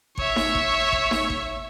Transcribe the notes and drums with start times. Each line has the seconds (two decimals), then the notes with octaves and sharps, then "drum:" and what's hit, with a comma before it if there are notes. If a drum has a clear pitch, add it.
0.18 C#5 E5, drum: kick
0.36 drum: snare D#4
0.55 drum: kick
0.92 drum: kick
1.11 drum: snare D#4
1.30 drum: kick